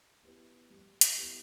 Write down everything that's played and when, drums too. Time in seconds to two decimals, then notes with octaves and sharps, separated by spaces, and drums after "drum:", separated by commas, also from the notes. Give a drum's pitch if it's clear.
0.23 B3 E4 G4 B4
0.70 G3
1.01 drum: hi-hat
1.17 B3 E4 G4 B4